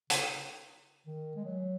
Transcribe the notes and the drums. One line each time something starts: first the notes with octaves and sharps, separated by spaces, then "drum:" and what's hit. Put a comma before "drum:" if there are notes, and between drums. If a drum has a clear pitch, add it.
C#3, drum: hi-hat
D#3
G#3
F#3